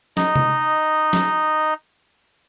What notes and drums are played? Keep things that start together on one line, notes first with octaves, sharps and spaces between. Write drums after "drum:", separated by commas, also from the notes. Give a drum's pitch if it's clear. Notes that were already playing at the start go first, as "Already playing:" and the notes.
D#4 D#5, drum: snare
drum: tom C3
drum: snare